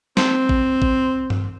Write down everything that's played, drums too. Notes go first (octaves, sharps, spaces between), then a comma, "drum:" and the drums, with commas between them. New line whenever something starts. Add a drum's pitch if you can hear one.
C4, drum: snare
drum: kick A1
drum: kick A1
drum: tom G2